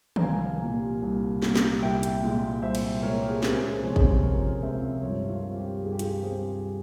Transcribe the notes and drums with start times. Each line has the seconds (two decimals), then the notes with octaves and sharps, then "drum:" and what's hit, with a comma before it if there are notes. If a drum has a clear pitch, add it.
0.16 A#5, drum: tom
0.22 C2 F5 G#5
0.62 A#2 G3 A#3
1.02 C2
1.43 A#2 G3 A#3, drum: snare
1.56 drum: snare
1.82 C2 E5 G5
2.03 drum: hi-hat
2.23 A#2 G#3 E4
2.62 C2 C5 E5
2.75 drum: cymbal
3.02 A#2 G#3 E4 A#4 C#5
3.22 G4
3.29 G#4
3.36 A#4
3.43 C#2 G#4 C5, drum: snare
3.69 G#4 C5
3.82 C3 F3 G#3 C4 C#5
3.96 G#4 C5, drum: kick
4.22 C#2 A#4 C#5
4.63 C3 F3 G#3 C4 C5 E5
5.03 G2 A#4 C#5
5.30 F4
5.43 G3 C4
5.57 G4
5.83 G2 G#4
5.92 G4
5.99 F4 G#4, drum: hi-hat
6.23 G3 C4 G#4 C5